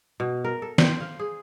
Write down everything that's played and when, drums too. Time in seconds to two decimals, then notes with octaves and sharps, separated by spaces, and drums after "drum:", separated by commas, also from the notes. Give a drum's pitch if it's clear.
0.20 B2
0.44 A#4
0.62 A4
0.78 C5, drum: snare
1.00 F5
1.19 G#4